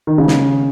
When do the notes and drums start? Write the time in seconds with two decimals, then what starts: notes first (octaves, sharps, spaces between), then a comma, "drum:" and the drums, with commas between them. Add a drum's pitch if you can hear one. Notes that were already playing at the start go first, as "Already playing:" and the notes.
0.07 D#3
0.18 C#3
0.28 drum: snare